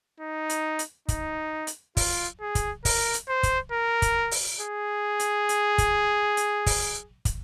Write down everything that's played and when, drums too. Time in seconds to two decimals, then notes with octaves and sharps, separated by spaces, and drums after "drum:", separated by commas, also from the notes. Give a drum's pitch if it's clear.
0.20 D#4
0.50 drum: hi-hat
0.79 drum: hi-hat
1.08 D#4, drum: kick, hi-hat
1.67 drum: hi-hat
1.97 F4, drum: kick, open hi-hat
2.41 G#4
2.55 drum: kick, hi-hat
2.85 A#4, drum: kick, open hi-hat
3.14 drum: hi-hat
3.28 C5
3.43 drum: kick, hi-hat
3.72 A#4
4.02 drum: kick, hi-hat
4.31 drum: open hi-hat
4.61 G#4
5.20 drum: hi-hat
5.49 drum: hi-hat
5.78 drum: kick, hi-hat
6.37 drum: hi-hat
6.66 drum: kick, open hi-hat
7.25 drum: kick, hi-hat